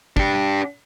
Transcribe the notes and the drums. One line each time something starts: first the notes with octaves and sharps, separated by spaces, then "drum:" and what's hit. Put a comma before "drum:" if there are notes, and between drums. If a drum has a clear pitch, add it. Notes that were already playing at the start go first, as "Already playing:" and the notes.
D4 G4, drum: kick